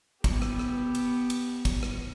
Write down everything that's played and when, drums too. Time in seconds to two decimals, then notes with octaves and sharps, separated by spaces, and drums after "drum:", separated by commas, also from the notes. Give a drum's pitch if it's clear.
0.24 B3 G4, drum: kick, cymbal
0.42 drum: rim click
0.59 drum: rim click
0.95 drum: cymbal
1.30 drum: cymbal
1.65 drum: kick, cymbal
1.83 drum: rim click